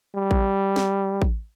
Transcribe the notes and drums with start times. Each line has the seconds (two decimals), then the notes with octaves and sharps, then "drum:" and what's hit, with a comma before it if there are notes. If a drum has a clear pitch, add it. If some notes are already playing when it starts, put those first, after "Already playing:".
0.16 G3
0.31 drum: kick A1
0.76 drum: snare
1.22 drum: kick A1